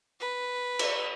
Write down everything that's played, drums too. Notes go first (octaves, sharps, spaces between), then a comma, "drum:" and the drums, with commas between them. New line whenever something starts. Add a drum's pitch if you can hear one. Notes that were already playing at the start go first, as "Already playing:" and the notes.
B4
drum: cymbal